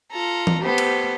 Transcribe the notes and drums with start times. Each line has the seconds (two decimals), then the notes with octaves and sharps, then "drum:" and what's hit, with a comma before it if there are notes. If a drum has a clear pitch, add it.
0.10 F4 A4 A#5
0.47 drum: tom E3
0.63 B3 G4 A4 C5
0.78 drum: cymbal